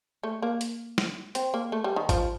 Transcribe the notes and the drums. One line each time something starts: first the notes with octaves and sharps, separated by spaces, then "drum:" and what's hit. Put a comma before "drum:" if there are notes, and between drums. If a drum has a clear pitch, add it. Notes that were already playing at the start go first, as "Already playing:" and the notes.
A3
A#3
drum: hi-hat
drum: snare
C4, drum: hi-hat
A#3
A3
G3
D#3
F3, drum: kick G#1, hi-hat